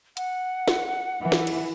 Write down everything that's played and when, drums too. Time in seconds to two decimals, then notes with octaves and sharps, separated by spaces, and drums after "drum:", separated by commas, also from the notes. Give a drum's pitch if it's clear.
0.17 F#5, drum: hi-hat
0.68 drum: snare
1.23 E3
1.32 drum: snare
1.47 drum: cymbal